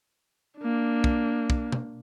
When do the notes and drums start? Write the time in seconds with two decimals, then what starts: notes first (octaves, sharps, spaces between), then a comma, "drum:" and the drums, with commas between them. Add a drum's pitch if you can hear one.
0.58 A#3 D4
1.04 drum: kick
1.50 drum: kick
1.72 drum: tom B2